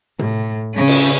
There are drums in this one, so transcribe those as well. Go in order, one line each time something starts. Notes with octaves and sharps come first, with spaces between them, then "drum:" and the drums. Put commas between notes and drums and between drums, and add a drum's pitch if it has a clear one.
A2, drum: tom C3
C#3 C#4
drum: cymbal